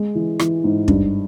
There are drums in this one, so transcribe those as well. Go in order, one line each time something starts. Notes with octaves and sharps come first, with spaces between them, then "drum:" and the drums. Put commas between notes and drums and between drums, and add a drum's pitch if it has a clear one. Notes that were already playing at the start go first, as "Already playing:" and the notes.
Already playing: G#3
E3
E3, drum: rim click
G#2
G2, drum: kick